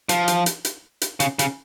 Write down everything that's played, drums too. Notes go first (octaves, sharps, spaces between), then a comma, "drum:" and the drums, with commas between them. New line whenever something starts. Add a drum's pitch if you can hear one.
F3, drum: hi-hat
drum: hi-hat
drum: hi-hat
drum: hi-hat
drum: hi-hat
C#3, drum: hi-hat
C#3, drum: hi-hat